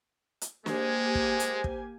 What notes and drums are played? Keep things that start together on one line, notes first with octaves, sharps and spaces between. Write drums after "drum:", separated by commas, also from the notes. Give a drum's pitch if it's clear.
drum: hi-hat
G#3 A#3 G4 C5 G#5, drum: snare
drum: kick
drum: hi-hat
drum: kick